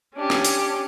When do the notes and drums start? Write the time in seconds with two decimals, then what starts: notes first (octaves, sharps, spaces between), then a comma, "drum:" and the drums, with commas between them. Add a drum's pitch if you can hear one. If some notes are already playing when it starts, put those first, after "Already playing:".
0.15 C#4 D4 G4
0.30 drum: rim click
0.45 drum: hi-hat